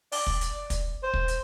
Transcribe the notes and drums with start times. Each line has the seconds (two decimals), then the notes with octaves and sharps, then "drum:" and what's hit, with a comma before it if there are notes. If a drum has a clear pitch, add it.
0.12 D5, drum: open hi-hat
0.27 drum: kick
0.41 drum: hi-hat
0.70 drum: kick, hi-hat
1.03 C5
1.14 drum: kick
1.28 drum: hi-hat